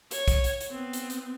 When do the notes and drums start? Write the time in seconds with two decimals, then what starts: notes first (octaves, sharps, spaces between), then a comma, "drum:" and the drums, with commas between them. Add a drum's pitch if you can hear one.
0.11 C#5, drum: hi-hat
0.28 drum: kick, hi-hat
0.44 drum: hi-hat
0.60 drum: hi-hat
0.71 B3 C4
0.93 drum: hi-hat
1.10 drum: hi-hat